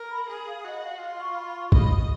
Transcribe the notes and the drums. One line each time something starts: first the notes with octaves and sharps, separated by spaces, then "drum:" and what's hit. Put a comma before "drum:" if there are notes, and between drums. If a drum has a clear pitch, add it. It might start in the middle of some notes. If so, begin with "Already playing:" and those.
Already playing: A#4
B5
G#4
F5
F#4 D#5
F5
F4 F5
C#6
B5
C#6
D#5 B5, drum: kick A#1